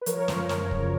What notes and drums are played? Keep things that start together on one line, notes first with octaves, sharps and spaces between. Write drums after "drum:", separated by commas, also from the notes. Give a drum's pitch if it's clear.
B4
F3 A#4 C#5, drum: hi-hat
F#2, drum: snare
F3, drum: snare
C#3, drum: kick